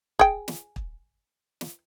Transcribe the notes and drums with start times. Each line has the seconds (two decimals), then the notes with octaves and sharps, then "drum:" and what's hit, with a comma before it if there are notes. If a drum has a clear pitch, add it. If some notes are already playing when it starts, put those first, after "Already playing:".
0.19 G#4 G5, drum: kick
0.48 drum: snare
0.76 drum: kick
1.61 drum: snare